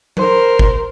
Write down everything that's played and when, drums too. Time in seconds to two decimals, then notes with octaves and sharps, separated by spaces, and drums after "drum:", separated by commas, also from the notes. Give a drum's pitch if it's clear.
0.17 A#4 C5, drum: tom F#3
0.59 drum: kick